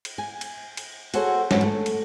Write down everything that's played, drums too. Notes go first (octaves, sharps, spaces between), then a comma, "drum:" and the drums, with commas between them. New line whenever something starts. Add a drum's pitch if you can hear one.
drum: cymbal
G#5
drum: cymbal
drum: cymbal
F#4 G#4 A4 C5 C#5, drum: cymbal
F2 G#2 F#3 C#4 B4 A5, drum: snare
A3
drum: cymbal